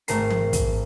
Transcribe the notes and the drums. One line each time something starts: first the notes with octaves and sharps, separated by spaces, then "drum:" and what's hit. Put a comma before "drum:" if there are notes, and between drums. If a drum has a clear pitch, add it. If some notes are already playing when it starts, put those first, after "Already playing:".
G#1 A3 A#4 A#5 C7, drum: hi-hat
drum: tom E3
drum: kick, hi-hat